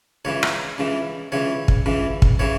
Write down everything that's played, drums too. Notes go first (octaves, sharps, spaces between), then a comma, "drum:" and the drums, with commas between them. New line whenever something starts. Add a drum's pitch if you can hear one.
C#2 C#3 E3 C#5
drum: rim click
C#2 C#3 E3
C#2 C#3 E3 C#5
drum: kick
C#2 C#3 E3
drum: kick
C#3 E3 C#5